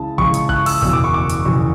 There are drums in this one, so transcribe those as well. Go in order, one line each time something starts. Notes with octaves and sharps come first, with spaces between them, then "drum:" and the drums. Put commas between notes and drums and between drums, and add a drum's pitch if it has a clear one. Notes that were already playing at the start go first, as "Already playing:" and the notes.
Already playing: C#2 C#3 E3 A5
C#2 C#3 E3 C#6, drum: kick
drum: hi-hat
F#6, drum: kick
E6, drum: open hi-hat
F#1 E2 B2 E6, drum: kick
D6
C#6
D6
drum: hi-hat
F#1 E2 B2